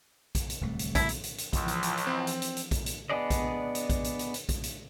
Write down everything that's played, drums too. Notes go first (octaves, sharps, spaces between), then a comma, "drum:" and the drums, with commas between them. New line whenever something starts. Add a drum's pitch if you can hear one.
drum: kick A#1, hi-hat
drum: hi-hat
D1 C2 A3
drum: hi-hat
E4, drum: kick A#1, hi-hat
drum: hi-hat
drum: hi-hat
drum: hi-hat
C#2 E3 F3, drum: kick A#1, hi-hat
drum: hi-hat
drum: hi-hat
drum: hi-hat
C4
drum: hi-hat
drum: hi-hat
drum: hi-hat
drum: kick A#1, hi-hat
drum: hi-hat
B3 D4 G#4 D5 D#5
drum: kick A#1, hi-hat
drum: hi-hat
drum: kick A#1, hi-hat
drum: hi-hat
drum: hi-hat
drum: hi-hat
drum: kick A#1, hi-hat
drum: hi-hat